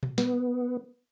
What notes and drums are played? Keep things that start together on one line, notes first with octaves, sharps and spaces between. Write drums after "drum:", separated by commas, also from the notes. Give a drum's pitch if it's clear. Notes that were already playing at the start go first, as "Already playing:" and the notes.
drum: tom A#2
B3, drum: snare